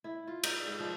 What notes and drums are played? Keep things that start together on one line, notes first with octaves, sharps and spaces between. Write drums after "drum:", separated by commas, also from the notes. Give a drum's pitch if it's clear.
E4
F4
D#4, drum: cymbal
G#2
F3